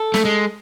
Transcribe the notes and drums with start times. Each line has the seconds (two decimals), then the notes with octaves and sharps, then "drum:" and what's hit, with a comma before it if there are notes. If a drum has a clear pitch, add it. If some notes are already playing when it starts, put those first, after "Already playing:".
Already playing: A4
0.14 A3, drum: snare
0.25 G#3